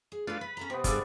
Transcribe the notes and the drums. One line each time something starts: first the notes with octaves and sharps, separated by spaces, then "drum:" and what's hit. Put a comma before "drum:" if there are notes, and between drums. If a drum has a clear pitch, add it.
G#4
A3 D4 F4 B4 F5
B4 B5
C#4 A4 A#5
C3 B3 C4
G2 D4 G#4 A4 D5 F5 G#5 A5, drum: kick, hi-hat